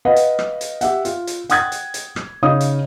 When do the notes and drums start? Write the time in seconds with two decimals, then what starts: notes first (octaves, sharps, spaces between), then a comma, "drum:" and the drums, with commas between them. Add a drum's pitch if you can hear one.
0.05 B4 D#5 F5 F#5
0.16 drum: hi-hat
0.39 drum: rim click
0.61 drum: hi-hat
0.81 G4 E5 F#5, drum: hi-hat
1.05 F4, drum: hi-hat
1.27 drum: hi-hat
1.50 F#5 G5 D#6 F#6 G#6 A6, drum: hi-hat
1.72 drum: hi-hat
1.94 drum: hi-hat
2.16 drum: rim click
2.42 C#3 D#4 C#5 F5 D#6
2.61 drum: hi-hat